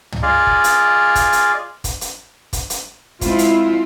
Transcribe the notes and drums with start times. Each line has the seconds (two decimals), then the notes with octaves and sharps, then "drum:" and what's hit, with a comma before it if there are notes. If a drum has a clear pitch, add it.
0.12 drum: tom
0.23 F4 G#4 D5 D#5 F5
0.47 drum: kick
0.64 drum: hi-hat
1.15 drum: kick, hi-hat
1.33 drum: hi-hat
1.84 drum: kick, hi-hat
2.01 drum: hi-hat
2.53 drum: kick, hi-hat
2.70 drum: hi-hat
3.21 G#3 C4 E4 F4, drum: kick, hi-hat
3.38 drum: hi-hat